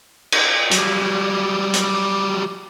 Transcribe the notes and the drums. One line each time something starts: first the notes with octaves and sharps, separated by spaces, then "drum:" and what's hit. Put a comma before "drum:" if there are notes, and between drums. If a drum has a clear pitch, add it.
drum: cymbal
F#3 G3, drum: hi-hat
drum: hi-hat